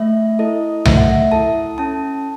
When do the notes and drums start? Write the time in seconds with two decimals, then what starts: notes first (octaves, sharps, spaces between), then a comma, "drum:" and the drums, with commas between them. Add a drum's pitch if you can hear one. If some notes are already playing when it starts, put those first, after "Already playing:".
Already playing: A3 E5
0.39 E4 A4 D#5
0.85 A3 E5, drum: tom C2
0.97 F#5
1.10 E5
1.32 E4 A4 A5
1.78 C#4 A5